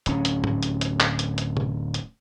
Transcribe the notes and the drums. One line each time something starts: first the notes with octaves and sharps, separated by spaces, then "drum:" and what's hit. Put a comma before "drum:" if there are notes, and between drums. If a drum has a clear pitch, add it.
D1 C#4, drum: hi-hat
drum: hi-hat
drum: tom
drum: hi-hat
drum: hi-hat
drum: clap
drum: hi-hat
drum: hi-hat
drum: tom
drum: hi-hat